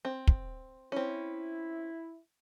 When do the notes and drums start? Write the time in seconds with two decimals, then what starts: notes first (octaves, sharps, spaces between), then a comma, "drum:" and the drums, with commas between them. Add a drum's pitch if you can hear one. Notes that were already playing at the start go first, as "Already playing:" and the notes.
0.05 C4
0.27 drum: kick
0.92 C4 C#4 E4